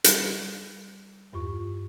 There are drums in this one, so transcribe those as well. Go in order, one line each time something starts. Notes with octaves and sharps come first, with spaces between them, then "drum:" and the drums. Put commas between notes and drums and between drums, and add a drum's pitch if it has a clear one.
G3, drum: hi-hat
E2 G2 F4 C#6